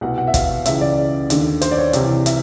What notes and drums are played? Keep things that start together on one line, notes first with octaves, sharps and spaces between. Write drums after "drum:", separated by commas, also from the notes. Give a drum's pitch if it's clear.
C2 B2 F#5
F#5
E5
F5, drum: kick, hi-hat
C#2 C#3 E3 E5, drum: hi-hat
D5
D#2 D3, drum: hi-hat
C5, drum: hi-hat
D5
C#5
C2 C3 E3, drum: hi-hat
E5, drum: hi-hat